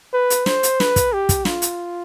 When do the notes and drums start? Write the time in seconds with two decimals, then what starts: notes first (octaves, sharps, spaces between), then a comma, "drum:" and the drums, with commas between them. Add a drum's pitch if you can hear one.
0.13 B4
0.30 drum: hi-hat
0.46 C5, drum: snare
0.63 drum: hi-hat
0.80 B4, drum: snare
0.96 drum: kick, hi-hat
1.13 G4
1.29 drum: kick, hi-hat
1.45 F4, drum: snare
1.62 drum: hi-hat